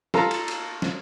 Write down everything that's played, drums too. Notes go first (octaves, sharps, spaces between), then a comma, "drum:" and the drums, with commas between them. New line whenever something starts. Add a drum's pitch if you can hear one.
F4 A4 A#5, drum: snare
drum: cymbal
drum: cymbal
drum: snare